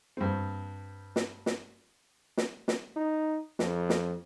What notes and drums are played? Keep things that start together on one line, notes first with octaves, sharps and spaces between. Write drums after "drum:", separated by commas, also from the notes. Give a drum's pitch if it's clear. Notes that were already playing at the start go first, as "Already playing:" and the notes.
G2 C4
drum: snare
drum: snare
drum: snare
drum: snare
D#4
F2, drum: snare
drum: snare